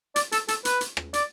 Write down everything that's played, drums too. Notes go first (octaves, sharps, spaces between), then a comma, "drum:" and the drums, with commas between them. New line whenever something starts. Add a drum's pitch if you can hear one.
D5, drum: hi-hat
A4, drum: hi-hat
A4, drum: hi-hat
B4, drum: hi-hat
drum: hi-hat
drum: rim click
D5, drum: hi-hat